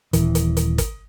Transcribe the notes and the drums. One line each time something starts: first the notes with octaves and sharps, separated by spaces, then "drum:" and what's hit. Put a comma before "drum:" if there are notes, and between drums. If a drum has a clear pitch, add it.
D#1 E3, drum: hi-hat
drum: hi-hat
drum: hi-hat
drum: kick, hi-hat